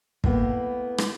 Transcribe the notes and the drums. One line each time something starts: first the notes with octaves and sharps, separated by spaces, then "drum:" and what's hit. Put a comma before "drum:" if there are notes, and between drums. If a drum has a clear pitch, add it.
A2 A#3 B3, drum: kick
drum: rim click